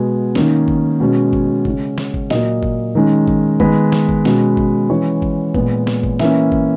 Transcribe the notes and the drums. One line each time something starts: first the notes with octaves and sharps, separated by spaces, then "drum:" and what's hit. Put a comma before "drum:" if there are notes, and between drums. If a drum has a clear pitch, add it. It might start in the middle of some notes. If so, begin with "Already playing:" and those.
Already playing: B2 G#3 B3 G#5
D#3 A#3 C#4, drum: snare
drum: kick G#1
B2 G#3 C#4
drum: kick G#1
C#3 G#3 C#4, drum: kick G#1
drum: snare
drum: kick G#1
A#2 F#3 A#3 D#5, drum: snare
drum: kick G#1
D#3 G#3 C#4
drum: kick G#1
D#3 G#3 B3 B4, drum: kick G#1
drum: snare
drum: kick G#1
B2 G#3 C#4, drum: snare
drum: kick G#1
E3 G#3 C#4 C#5
drum: kick G#1
A#2 G#3 B3, drum: kick G#1
drum: snare
drum: kick G#1
E3 A#3 C#4 E5, drum: snare
drum: kick G#1